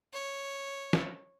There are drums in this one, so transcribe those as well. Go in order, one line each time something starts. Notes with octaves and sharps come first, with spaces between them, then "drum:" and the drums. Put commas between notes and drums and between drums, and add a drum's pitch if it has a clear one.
C#5
drum: snare